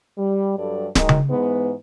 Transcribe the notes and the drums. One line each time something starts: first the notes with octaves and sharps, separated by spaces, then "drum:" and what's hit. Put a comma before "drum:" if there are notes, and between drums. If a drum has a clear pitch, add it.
G3
G2 F#3 G3 A4 D5
D#3 F#3 G#3, drum: snare D1
drum: tom C#3
G#2 E3 G#3 B3